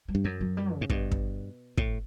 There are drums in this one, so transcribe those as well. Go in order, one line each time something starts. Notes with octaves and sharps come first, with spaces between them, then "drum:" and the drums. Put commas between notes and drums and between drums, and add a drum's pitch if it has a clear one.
G3
G2
F#2 F#3
F#3
G3
C#3
G#2
G2 B2, drum: kick
drum: kick
A2, drum: kick